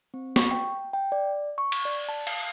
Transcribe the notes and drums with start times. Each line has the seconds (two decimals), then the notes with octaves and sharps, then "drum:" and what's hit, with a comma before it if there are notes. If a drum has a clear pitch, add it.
0.14 C4
0.36 C#6, drum: snare
0.51 G5
0.93 G5
1.12 D5
1.58 C#6
1.72 drum: cymbal
1.85 D5
2.09 A5
2.27 F5, drum: cymbal